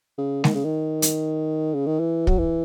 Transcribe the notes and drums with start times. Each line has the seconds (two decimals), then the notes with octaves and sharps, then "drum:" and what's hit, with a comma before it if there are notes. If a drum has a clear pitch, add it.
0.18 C#3
0.44 D#3, drum: snare
0.55 C#3
0.65 D#3
1.02 drum: hi-hat
1.74 C#3
1.87 D#3
1.99 E3
2.27 F#3, drum: kick
2.38 E3